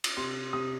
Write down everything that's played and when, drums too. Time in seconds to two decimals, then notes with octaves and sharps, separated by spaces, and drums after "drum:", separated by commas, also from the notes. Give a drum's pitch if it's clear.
0.04 drum: cymbal
0.17 C3 C6
0.53 C3 D#6